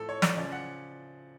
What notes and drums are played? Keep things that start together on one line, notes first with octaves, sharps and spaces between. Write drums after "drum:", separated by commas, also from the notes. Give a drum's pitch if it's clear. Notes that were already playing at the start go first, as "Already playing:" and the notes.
Already playing: A2 F3 A4
C#5
D5, drum: snare
C#3 F3 D5
F#5